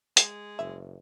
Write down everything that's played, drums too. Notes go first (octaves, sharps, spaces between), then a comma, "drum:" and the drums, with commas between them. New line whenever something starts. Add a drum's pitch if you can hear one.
G#3, drum: hi-hat
F#1 E5